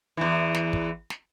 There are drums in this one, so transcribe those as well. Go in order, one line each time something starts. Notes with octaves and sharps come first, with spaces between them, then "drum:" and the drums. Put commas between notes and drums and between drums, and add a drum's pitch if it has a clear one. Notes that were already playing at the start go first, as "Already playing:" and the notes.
E2 E3
drum: snare
drum: kick
drum: snare